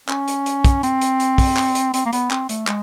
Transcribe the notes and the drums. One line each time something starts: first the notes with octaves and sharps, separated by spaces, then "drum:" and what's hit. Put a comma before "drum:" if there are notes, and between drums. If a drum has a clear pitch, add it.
C#4, drum: clap
drum: hi-hat
drum: hi-hat
drum: kick, hi-hat
C4, drum: hi-hat
drum: hi-hat
drum: hi-hat
drum: kick, open hi-hat
drum: clap
drum: hi-hat
C4, drum: hi-hat
A#3
B3, drum: hi-hat
C4, drum: clap
A3, drum: hi-hat
G#3, drum: clap